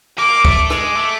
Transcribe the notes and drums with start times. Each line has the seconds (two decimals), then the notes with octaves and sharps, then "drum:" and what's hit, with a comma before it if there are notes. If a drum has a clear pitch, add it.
0.18 A#3 D6
0.45 A3, drum: kick
0.70 G#3 D6, drum: rim click
0.97 A3